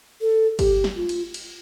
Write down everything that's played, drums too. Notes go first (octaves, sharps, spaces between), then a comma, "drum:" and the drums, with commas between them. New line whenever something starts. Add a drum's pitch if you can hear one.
A4
G4, drum: kick, cymbal
drum: snare
F4
drum: cymbal
drum: cymbal